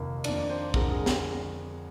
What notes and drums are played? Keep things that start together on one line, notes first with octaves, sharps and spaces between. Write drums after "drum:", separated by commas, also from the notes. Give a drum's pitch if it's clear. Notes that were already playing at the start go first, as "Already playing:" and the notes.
Already playing: F1 D#2 D#3 A#3
F2 D#3 A#3 D4 D5, drum: cymbal
C5
F2 D3 G#3 A#4, drum: kick
G#4
drum: snare